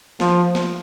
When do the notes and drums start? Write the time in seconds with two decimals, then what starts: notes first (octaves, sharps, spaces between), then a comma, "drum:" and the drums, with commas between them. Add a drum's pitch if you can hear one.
0.20 F3, drum: snare
0.55 drum: snare